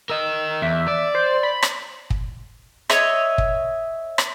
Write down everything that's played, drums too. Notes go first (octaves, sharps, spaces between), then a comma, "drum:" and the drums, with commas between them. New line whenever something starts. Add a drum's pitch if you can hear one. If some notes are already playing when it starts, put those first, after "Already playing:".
A#4 D#5 E6
E2 E5
D5
C5
B5
drum: rim click
drum: kick
C#5 D#5 E5, drum: rim click
drum: kick
drum: rim click